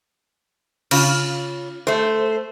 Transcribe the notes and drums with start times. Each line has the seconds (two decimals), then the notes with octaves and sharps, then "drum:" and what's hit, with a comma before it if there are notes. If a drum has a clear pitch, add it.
0.91 C#3 F4, drum: cymbal
1.87 A3 C5